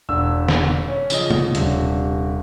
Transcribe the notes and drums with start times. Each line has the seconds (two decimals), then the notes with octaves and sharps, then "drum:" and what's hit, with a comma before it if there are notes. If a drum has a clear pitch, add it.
0.09 E1 D4 E6
0.48 drum: snare
0.88 C#4
1.10 C#3 F3 D#5, drum: tambourine
1.30 drum: tom
1.55 D#1 C3 D4, drum: hi-hat